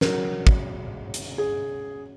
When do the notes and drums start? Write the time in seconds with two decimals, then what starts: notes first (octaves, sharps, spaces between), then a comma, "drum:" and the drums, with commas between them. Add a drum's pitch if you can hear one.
0.01 C#3 F#3 A#4, drum: snare
0.47 drum: kick
1.14 drum: hi-hat
1.38 G#4